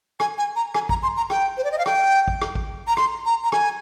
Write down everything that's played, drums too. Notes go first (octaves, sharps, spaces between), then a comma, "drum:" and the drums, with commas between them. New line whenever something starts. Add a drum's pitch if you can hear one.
G#5, drum: rim click
G#5
A#5
G#5, drum: rim click
A#5, drum: kick
C6
A#5
G5, drum: rim click
C5
D5
D#5
F5
G5, drum: rim click
drum: kick
drum: rim click
drum: kick
A#5
C6, drum: rim click
A#5
A#5
G#5, drum: rim click